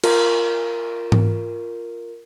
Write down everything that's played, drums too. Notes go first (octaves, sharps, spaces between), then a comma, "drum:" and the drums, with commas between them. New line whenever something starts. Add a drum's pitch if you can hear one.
F4 A#4, drum: cymbal
drum: tom G#2